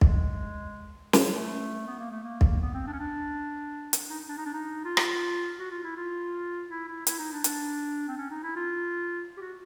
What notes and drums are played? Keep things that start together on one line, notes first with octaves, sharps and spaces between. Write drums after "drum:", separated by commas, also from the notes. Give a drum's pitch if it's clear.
G#3, drum: kick
G#3, drum: snare
A3
B3
A#3
A3
A#3
drum: kick
B3
C4
D4
C#4
D4
drum: hi-hat
D#4
D4
D#4
D4
D#4
F4
drum: rim click
F#4
F4
E4
F4
E4
E4
E4, drum: hi-hat
D#4
D4
D4, drum: hi-hat
C4
C#4
D#4
E4
F4
G4
F#4